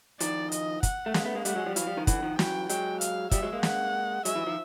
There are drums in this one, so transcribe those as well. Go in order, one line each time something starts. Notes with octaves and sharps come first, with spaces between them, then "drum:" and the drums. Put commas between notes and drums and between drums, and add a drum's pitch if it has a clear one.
D#3 F3 D5, drum: hi-hat
D#5, drum: hi-hat
F#5, drum: kick, hi-hat
A3
G#3 A#3, drum: snare
A3 B3
G#3 A#3
G3 A3 F#5, drum: hi-hat
F#3 G#3
F3 G3
E3 F#3 F5, drum: hi-hat
F3 G3
D#3 F3
D3 E3 F#5, drum: kick, hi-hat
D#3 F3
E3 F#3 G5, drum: snare
F#3 G#3 G5, drum: hi-hat
F5, drum: hi-hat
F3 G3 E5, drum: kick, hi-hat
F#3 G#3
G#3 A#3
F#5, drum: snare
F#3 G#3 E5, drum: hi-hat
E3 F#3
D#3 F3